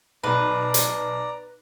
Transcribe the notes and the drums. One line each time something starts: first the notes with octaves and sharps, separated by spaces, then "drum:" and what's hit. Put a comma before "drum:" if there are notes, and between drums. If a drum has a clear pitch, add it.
B1 B4 D5 A#5
drum: hi-hat